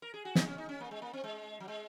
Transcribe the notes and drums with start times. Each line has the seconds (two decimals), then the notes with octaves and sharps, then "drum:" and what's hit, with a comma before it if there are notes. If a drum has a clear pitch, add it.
0.02 A#4
0.14 G#4
0.25 F#4
0.35 D#4, drum: snare
0.47 C#4
0.58 D#4
0.69 C#4
0.80 A#3
0.91 G#3
1.02 A#3
1.13 C4
1.24 G#3
1.60 F#3
1.68 G#3